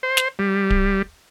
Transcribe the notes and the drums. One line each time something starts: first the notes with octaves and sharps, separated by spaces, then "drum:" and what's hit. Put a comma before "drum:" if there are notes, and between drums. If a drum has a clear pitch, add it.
C5
drum: snare
G3
drum: kick D1